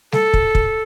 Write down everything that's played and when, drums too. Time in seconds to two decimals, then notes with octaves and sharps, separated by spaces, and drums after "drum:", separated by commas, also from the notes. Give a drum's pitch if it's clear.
0.12 A4, drum: snare
0.34 drum: kick
0.55 drum: kick